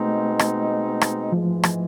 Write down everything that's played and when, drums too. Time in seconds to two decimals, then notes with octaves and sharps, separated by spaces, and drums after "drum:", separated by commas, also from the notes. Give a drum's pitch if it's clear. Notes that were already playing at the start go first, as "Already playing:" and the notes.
Already playing: B2 G#3 A3 C4 D#4
0.39 drum: rim click
1.01 drum: rim click
1.32 G#2 E3 F3 G#3
1.63 drum: rim click